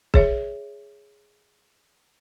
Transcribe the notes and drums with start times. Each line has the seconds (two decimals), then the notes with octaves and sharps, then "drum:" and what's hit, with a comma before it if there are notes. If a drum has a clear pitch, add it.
0.14 G#4 C#5 E5, drum: kick